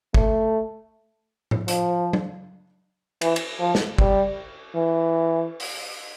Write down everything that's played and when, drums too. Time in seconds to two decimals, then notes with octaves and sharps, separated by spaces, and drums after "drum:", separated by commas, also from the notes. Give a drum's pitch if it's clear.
0.14 A3, drum: kick
1.51 drum: tom A2
1.68 F3, drum: hi-hat
2.13 drum: tom F#3
3.21 E3, drum: cymbal
3.36 drum: cymbal
3.60 F3
3.75 drum: snare
3.98 G3, drum: kick
4.76 E3
5.60 drum: open hi-hat